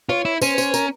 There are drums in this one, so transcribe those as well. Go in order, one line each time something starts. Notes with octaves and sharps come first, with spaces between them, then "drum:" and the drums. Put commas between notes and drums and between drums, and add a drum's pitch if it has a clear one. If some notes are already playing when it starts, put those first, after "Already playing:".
F4 C#5
E4
C#4 C5, drum: tambourine
C5, drum: tambourine
A#4, drum: tambourine